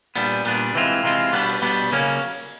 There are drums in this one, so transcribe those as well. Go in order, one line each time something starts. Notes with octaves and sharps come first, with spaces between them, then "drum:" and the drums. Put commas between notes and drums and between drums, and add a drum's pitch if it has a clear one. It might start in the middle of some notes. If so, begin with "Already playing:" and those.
A#2 G3 B3 D4, drum: hi-hat
A#2 G3 B3 D4, drum: hi-hat
C3 E3 G#3 C4 F4
C3 E3 G#3 C4 F4
B2 G3 B3 D4, drum: open hi-hat
B2 G3 B3 D4
C#3 F#3 A#3 C#4